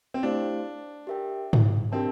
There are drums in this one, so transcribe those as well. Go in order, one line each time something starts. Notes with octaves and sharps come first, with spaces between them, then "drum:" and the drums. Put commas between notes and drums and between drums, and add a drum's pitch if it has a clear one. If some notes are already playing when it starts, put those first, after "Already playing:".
C4
A3 D4 E4 G4 C5 F5
G4 A#4 E5 G5
drum: tom G#2
C4 D4 G4 A#4 E5 A5